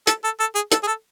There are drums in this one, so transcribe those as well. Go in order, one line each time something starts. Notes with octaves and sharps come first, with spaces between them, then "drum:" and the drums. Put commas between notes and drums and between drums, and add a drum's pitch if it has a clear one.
A4, drum: hi-hat
A4
A4
G#4
A4, drum: hi-hat
G#4
A4